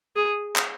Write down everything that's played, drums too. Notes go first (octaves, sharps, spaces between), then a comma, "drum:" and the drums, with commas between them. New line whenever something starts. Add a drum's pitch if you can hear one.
G#4
drum: clap